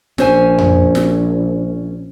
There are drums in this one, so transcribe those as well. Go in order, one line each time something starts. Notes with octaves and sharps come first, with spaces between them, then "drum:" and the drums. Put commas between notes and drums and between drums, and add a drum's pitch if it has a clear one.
A#1 C#4 C5 G#5, drum: snare
drum: tom F2
drum: snare